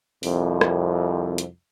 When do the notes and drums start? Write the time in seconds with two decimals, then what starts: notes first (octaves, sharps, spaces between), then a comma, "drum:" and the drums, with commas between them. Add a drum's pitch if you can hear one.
0.23 C2 F2, drum: open hi-hat
0.61 drum: rim click
1.38 drum: hi-hat